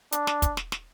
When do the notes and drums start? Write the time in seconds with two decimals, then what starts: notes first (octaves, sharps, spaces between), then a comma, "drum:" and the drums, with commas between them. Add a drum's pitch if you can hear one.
0.12 D4, drum: hi-hat
0.27 drum: snare
0.42 drum: kick, hi-hat
0.57 drum: snare
0.72 drum: snare